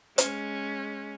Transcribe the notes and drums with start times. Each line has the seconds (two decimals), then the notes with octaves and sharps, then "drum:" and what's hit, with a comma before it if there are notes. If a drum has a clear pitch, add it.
0.18 G#3 C#4, drum: hi-hat